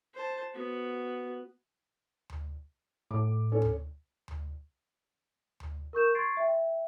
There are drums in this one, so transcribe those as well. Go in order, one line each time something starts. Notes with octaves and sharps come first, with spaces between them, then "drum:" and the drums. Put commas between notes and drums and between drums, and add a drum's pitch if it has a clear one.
C5 A5
B3 F#4
drum: tom D2
A2 D6
C#4 A4
drum: tom D2
drum: tom D2
drum: tom D2
A#4 C#6 G6 E7
C6 C#6 G#6 A6 C7 D7
E5 G5